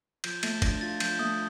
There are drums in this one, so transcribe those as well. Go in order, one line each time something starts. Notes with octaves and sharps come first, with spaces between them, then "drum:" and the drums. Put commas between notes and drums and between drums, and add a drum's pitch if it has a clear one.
F3 G6, drum: cymbal
A3 A6, drum: cymbal
D4 A#6, drum: kick F#1, cymbal
F4 A6
F3 G6, drum: cymbal
A3 D#6